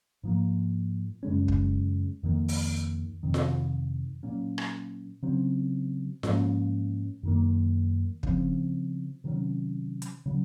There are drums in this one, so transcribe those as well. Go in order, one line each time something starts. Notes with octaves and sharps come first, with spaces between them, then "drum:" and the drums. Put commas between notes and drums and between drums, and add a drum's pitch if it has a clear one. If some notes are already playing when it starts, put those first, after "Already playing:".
G#2 F3 A#3
F#2 C#3 G#3 C#4
drum: kick
F2 D#3 A#3
drum: open hi-hat
F2 C3 D#3
drum: snare F4
A#2 F#3 A#3 C#4
drum: rim click
C#3 F#3 C4
G#2 F3 A#3 C#4, drum: snare F4
F#2 D#3 A#3
C#3 F3 C4, drum: kick
C3 D#3 F#3 C#4
drum: hi-hat
C#3 F#3